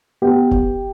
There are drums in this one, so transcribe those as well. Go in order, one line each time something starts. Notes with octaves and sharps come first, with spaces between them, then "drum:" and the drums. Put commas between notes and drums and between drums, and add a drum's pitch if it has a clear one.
B3 G4
drum: kick